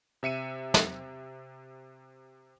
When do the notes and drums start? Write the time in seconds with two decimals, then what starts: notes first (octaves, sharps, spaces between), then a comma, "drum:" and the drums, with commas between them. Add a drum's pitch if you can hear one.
0.23 C3 E5 C#7 D#7
0.74 drum: snare